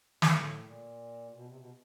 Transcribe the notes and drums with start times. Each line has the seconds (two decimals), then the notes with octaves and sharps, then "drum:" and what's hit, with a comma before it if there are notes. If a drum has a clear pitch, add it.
0.22 G#2, drum: snare
0.28 A2
0.64 A#2
1.34 B2
1.46 C3
1.58 B2